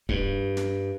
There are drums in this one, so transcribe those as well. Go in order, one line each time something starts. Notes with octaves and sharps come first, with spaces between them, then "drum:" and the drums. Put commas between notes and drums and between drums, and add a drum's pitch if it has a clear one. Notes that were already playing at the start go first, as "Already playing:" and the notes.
G2, drum: kick
drum: snare